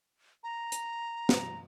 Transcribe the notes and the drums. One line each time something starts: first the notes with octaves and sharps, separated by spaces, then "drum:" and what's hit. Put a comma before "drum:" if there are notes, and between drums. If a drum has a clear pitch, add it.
A#5
drum: hi-hat
drum: snare